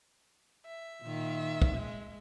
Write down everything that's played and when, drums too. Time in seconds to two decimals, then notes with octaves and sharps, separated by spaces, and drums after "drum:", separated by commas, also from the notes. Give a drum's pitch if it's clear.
0.66 E5
1.03 A#2 D#3
1.62 drum: kick
1.77 G#3